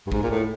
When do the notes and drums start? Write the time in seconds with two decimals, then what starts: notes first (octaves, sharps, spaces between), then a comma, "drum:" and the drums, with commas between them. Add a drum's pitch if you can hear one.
0.07 G2
0.12 G#2, drum: kick
0.23 A#2
0.31 A2